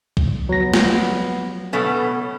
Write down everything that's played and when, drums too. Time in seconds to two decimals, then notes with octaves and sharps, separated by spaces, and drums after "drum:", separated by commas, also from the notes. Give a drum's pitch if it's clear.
0.17 drum: kick
0.49 F#3 B3 A#6
0.74 drum: snare
1.73 B2 A3 B3 C#4